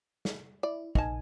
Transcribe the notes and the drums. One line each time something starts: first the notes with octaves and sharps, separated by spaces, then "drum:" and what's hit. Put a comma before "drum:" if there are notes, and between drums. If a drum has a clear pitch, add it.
drum: snare
E4 D5
A#1 D#4 A#4 G#5 A5, drum: kick